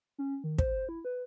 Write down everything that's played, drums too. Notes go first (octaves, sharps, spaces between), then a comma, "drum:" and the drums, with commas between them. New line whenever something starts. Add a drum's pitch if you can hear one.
C#4
D#3
C5, drum: kick
E4
B4